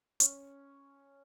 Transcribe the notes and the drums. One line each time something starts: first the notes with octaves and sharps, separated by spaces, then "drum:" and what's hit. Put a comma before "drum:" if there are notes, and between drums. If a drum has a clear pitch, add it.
C#4, drum: hi-hat